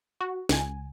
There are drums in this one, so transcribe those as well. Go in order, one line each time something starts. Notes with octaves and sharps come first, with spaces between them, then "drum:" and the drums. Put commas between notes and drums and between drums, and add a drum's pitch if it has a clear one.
F#4
C#2 G#5, drum: snare